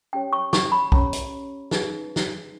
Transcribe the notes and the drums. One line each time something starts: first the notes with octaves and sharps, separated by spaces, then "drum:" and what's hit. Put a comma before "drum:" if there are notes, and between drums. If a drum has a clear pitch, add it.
C#4 G4 C#5 G5
C#6
C#6, drum: snare
B5
C#4 G4 C#5 A#5, drum: kick
drum: hi-hat
D#4 G#4 B4, drum: snare
drum: snare